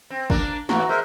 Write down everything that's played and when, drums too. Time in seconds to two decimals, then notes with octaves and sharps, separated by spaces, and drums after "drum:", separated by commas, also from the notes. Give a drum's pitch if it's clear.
0.10 C4
0.30 A#3 D4 A#4, drum: kick
0.69 G#2 E3 F#3 F#4 A#5, drum: snare
0.89 G#3 A#4 C5 E5